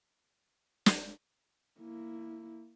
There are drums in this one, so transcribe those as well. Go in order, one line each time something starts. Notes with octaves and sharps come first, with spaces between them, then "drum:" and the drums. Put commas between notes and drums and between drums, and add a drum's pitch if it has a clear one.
drum: snare
A#3 E4